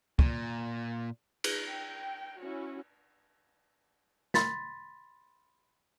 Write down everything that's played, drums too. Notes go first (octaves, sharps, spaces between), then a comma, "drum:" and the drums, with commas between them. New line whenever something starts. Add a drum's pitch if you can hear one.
A#2, drum: kick
drum: cymbal
G5
C#4 E4 F#4
B5 C6 A6 B6, drum: snare